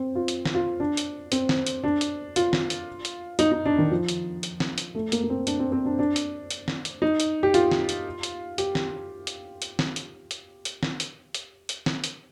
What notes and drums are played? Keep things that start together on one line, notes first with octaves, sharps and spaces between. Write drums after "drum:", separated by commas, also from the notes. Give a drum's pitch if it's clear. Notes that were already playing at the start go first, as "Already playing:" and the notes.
Already playing: C4
F4
drum: hi-hat
drum: snare
F4
D4
drum: hi-hat
C4, drum: hi-hat
drum: snare
drum: hi-hat
D4
drum: hi-hat
F4, drum: hi-hat
drum: snare
drum: hi-hat
drum: hi-hat
D#4, drum: hi-hat
D#4
D4
D#3
F3
drum: hi-hat
drum: hi-hat
drum: snare
drum: hi-hat
A3
A#3, drum: hi-hat
A#3
C4
D4, drum: hi-hat
C4
C4
D4
D4
drum: hi-hat
drum: hi-hat
drum: snare
drum: hi-hat
D#4
drum: hi-hat
G4
F4, drum: hi-hat
drum: snare
drum: hi-hat
drum: hi-hat
G4, drum: hi-hat
drum: snare
drum: hi-hat
drum: hi-hat
drum: snare
drum: hi-hat
drum: hi-hat
drum: hi-hat
drum: snare
drum: hi-hat
drum: hi-hat
drum: hi-hat
drum: snare
drum: hi-hat